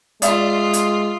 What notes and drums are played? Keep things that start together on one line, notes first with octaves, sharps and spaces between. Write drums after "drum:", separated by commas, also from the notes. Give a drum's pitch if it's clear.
G#3 F4 D5 E5 D#6, drum: hi-hat
drum: hi-hat